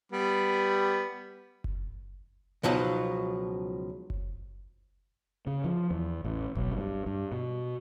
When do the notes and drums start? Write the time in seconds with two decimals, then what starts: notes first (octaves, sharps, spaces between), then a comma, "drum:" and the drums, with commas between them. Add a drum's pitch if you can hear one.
0.12 G3 B3
1.64 drum: kick F#1
2.63 C#2 B2 F3 F#3 D#4
4.10 drum: kick F#1
5.47 C#3
5.64 F3
5.90 E2
6.25 A1
6.56 B1, drum: kick F#1
6.72 G2
7.06 G2
7.32 B2